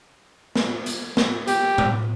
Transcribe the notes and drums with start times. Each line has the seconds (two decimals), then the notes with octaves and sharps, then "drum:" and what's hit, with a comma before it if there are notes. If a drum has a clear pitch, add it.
0.55 drum: snare
0.86 drum: hi-hat
1.17 drum: snare
1.48 G4, drum: hi-hat
1.78 drum: tom A2